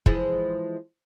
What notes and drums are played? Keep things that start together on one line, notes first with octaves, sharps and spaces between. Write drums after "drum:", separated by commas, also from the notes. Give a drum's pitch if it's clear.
E3 F3 G#3, drum: kick